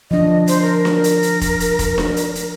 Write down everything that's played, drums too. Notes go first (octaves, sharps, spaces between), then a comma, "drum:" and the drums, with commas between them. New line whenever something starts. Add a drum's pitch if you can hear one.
F3 D4 D#5
C5, drum: hi-hat
A#4
drum: snare D4
drum: hi-hat
drum: hi-hat
drum: kick F1, hi-hat
drum: hi-hat
drum: kick F1, hi-hat
drum: snare D4
drum: hi-hat
drum: hi-hat